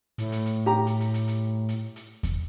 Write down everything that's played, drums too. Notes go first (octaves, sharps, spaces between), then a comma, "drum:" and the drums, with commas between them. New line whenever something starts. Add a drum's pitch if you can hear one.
A2, drum: hi-hat
drum: hi-hat
drum: hi-hat
G4 A#5
drum: hi-hat
drum: hi-hat
drum: hi-hat
drum: hi-hat
drum: hi-hat
drum: hi-hat
drum: kick E2, hi-hat